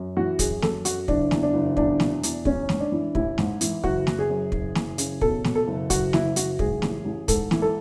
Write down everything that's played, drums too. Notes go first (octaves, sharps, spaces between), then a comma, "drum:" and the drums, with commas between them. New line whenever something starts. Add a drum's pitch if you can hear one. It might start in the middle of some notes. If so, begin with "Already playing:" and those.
Already playing: F#2
E3 F#4
F#2 G#4, drum: kick, hi-hat
F#2 A4, drum: snare
F#2 F#4, drum: hi-hat
F#1 D4, drum: kick
E2, drum: snare
D4
F#1
E2 D4, drum: kick
B2, drum: snare
E2, drum: hi-hat
A1 C#4, drum: kick
G#2, drum: snare
D4
E3
A1 E4, drum: kick
G#2, drum: snare
E3, drum: hi-hat
F#1 F#4, drum: kick
F#1, drum: snare
G#4
F#2
F#1, drum: kick
F#1, drum: snare
C#3, drum: hi-hat
B2 A4, drum: kick
B2, drum: snare
A4
F#1
F#1 F#4, drum: kick, hi-hat
F#1 E4, drum: snare
F#1 F#4, drum: hi-hat
G#2 G#4, drum: kick
A1, drum: snare
A1
G#2 A4, drum: kick, hi-hat
E3, drum: snare
A4